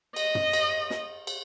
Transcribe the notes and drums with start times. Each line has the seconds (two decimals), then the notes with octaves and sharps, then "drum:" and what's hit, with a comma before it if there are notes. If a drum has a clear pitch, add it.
0.16 D#5, drum: cymbal
0.35 drum: tom
0.53 drum: cymbal
0.90 drum: snare
1.27 drum: cymbal